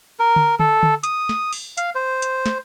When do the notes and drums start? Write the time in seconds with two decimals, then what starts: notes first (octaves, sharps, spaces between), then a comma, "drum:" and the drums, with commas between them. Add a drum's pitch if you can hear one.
0.19 A#4
0.36 drum: tom D3
0.59 A4, drum: tom D3
0.83 drum: tom D3
1.04 D#6, drum: hi-hat
1.29 drum: snare
1.53 drum: open hi-hat
1.77 F5, drum: hi-hat
1.95 C5
2.22 drum: hi-hat
2.46 drum: snare